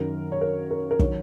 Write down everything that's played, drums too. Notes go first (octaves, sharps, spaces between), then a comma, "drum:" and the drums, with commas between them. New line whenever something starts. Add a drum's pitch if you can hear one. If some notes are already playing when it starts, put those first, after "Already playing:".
Already playing: F#2 D#3 F#3 A#4
C#5
A#4
A#4
A#4
D#3 F#3 C#5, drum: kick